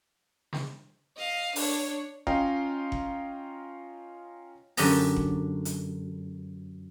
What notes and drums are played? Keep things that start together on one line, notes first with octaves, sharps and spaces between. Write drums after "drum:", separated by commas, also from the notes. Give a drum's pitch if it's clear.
drum: snare
D#5 F5
D4 C#5, drum: open hi-hat
C#4 F4 D#5 F5 G5 A#5, drum: kick F#1
drum: kick F#1
F#2 D3 G4 D#5 A#5, drum: open hi-hat
drum: kick F#1
drum: hi-hat